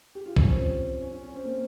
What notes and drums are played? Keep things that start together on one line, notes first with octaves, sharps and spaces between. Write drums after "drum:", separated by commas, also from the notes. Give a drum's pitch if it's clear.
G4
F4
C#4, drum: kick B1
C4
C#4
C#4
C#4
C4
A#3